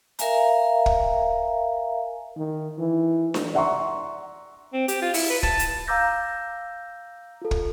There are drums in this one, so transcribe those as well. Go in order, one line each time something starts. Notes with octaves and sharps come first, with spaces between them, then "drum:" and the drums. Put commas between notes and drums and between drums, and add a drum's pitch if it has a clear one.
A#4 E5 F5 G#5 A#5, drum: hi-hat
drum: kick
D#3
E3
drum: snare D4
D5 E5 F#5 A#5 C6 C#6
C4
G4, drum: hi-hat
F4
E4, drum: open hi-hat
B4
A5, drum: kick
drum: hi-hat
F5 A#5 D6 E6 G6 A#6
F4 A4
drum: kick